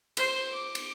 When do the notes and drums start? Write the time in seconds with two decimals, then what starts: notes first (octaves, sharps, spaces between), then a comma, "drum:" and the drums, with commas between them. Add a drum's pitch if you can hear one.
0.17 C5, drum: cymbal
0.52 D6
0.75 drum: cymbal